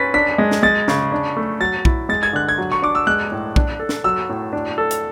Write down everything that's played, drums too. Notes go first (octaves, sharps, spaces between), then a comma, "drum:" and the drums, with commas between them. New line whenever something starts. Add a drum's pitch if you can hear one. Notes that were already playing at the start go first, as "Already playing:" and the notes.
Already playing: C#4 B4 A6 B6
D4 B6
G#3
drum: snare
G#3 A6
C#3, drum: snare
D4
A3
F#3 A6
E4, drum: kick
G#3 A6
G#6
D3 F#6
G#6
F#3
C#6
D4 D6
E6
G#3 F#6
A2
D4, drum: kick
A4
drum: snare
F#3 E6
A2
D4
A4
drum: hi-hat